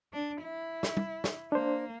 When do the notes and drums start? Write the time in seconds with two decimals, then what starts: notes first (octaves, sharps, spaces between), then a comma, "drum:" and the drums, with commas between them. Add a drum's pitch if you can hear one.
0.13 D4
0.42 E4
0.83 drum: snare
0.97 drum: tom
1.24 drum: snare
1.52 A#3 D4 C5